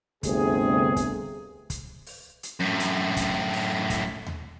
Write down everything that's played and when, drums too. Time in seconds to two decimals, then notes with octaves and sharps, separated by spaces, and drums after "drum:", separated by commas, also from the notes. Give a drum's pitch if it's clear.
0.23 G1 D2 C3 G#4, drum: kick, hi-hat
0.96 drum: kick, hi-hat
1.70 drum: kick, hi-hat
2.07 drum: open hi-hat
2.43 drum: hi-hat
2.60 F#2 A2
2.80 drum: hi-hat
3.17 drum: kick, hi-hat
3.53 drum: open hi-hat
3.90 drum: kick, hi-hat
4.27 drum: tom D#2